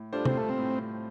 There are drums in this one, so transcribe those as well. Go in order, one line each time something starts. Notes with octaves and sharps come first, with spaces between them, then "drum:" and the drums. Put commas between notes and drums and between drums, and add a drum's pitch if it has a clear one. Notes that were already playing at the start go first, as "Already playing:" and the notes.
Already playing: A2
G3 D4 F4 A4 C5
C4, drum: tom C3
A3
C4
A2